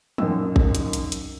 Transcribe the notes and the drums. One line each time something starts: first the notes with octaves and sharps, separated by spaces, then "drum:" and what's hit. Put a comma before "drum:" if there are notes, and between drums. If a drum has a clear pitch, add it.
B1 F#2 A#2 D#5 G5 E6, drum: tom
drum: kick A1
drum: hi-hat
drum: hi-hat
drum: hi-hat